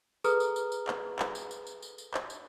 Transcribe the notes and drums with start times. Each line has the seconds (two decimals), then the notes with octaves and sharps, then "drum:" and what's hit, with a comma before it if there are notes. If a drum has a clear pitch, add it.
0.24 G#4 A4 B4 A#5 D#6 F6, drum: tambourine
0.40 drum: tambourine
0.56 drum: tambourine
0.72 drum: tambourine
0.88 drum: clap
1.19 drum: clap
1.35 drum: tambourine
1.51 drum: tambourine
1.67 drum: tambourine
1.82 drum: tambourine
1.98 drum: tambourine
2.14 drum: clap
2.30 drum: tambourine